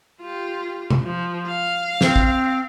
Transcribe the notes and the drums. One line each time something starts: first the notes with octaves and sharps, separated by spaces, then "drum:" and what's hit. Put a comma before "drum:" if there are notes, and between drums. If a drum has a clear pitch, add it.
F4 G4
drum: tom
F3
F5
C4, drum: snare
drum: kick